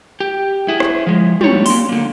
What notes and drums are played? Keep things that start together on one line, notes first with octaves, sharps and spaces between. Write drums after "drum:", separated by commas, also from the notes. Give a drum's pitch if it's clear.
G4
E4 G#4
drum: rim click
F3 G#3
G3 C#5, drum: tom
A#3 C6, drum: open hi-hat
D3 A#3